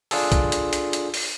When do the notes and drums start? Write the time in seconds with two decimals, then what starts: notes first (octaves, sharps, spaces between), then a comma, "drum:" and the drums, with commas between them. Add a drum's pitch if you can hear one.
0.11 D4 F4 G#4 A4, drum: open hi-hat
0.32 drum: kick B1, hi-hat
0.52 drum: hi-hat
0.73 drum: hi-hat
0.93 drum: hi-hat
1.14 drum: open hi-hat